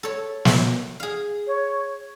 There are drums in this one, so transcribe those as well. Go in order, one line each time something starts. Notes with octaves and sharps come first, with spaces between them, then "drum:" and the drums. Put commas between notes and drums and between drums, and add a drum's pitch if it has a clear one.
A4 C#5
drum: snare
G#4 F5
C#5